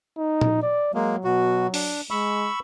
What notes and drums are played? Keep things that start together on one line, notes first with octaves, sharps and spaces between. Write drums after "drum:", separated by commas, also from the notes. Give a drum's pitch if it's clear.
D#4
drum: tom A#2
D5
F#3 G#3 A#3
B2 F#4
D4, drum: open hi-hat
G#3 B5 C#6 E6